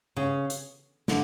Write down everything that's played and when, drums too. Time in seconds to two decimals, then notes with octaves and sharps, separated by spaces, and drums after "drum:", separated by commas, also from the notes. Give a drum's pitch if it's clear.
0.17 C#3
0.50 drum: hi-hat
1.08 D3, drum: snare